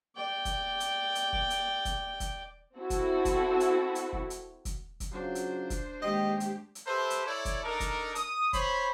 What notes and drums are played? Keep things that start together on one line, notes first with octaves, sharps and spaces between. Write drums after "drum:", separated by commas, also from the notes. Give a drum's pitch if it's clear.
D5 G5
drum: kick, hi-hat
drum: hi-hat
drum: hi-hat
drum: kick
drum: hi-hat
drum: kick, hi-hat
drum: kick, hi-hat
C4 E4 F#4 A4
drum: kick, hi-hat
drum: kick, hi-hat
drum: hi-hat
drum: hi-hat
drum: kick
drum: hi-hat
drum: kick, hi-hat
drum: kick, hi-hat
C#3 F#3 D4 F4 C5
drum: hi-hat
drum: kick, hi-hat
D#2 G#3 G4 D#5 G5
drum: hi-hat
drum: hi-hat
G4 A4 B4 C5 E5
drum: hi-hat
E4 A4 C#5 D5
drum: kick, hi-hat
D4 D#4 A4 A#4
drum: kick, hi-hat
D#6, drum: hi-hat
C5 C#5 B5, drum: kick, hi-hat